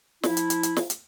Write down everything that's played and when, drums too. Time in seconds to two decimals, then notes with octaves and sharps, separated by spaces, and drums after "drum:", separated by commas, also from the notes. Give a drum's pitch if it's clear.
0.23 F3 E4, drum: snare
0.37 drum: hi-hat
0.50 drum: hi-hat
0.63 drum: hi-hat
0.77 drum: snare
0.90 drum: hi-hat